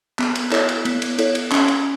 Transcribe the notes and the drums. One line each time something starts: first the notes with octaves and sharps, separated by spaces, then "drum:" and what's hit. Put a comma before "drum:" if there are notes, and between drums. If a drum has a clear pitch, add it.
B3, drum: clap
drum: cymbal
E4 A4 C#5, drum: clap
drum: cymbal
B3, drum: cymbal
drum: cymbal
E4 A4 C#5, drum: cymbal
drum: cymbal
C#4, drum: clap
drum: cymbal